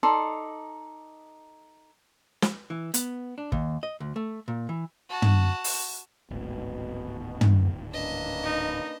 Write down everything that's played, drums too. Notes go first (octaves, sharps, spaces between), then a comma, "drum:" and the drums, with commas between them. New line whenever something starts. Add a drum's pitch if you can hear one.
D#4 A4 D5 C6
drum: snare
E3
B3, drum: hi-hat
D4
D#2, drum: kick
D#5
D2
A3
A#2
E3
F#4 A5
drum: tom
drum: open hi-hat
D1 G#1 B2
drum: tom
A#3 C#4 D4 B4 D#5
D#4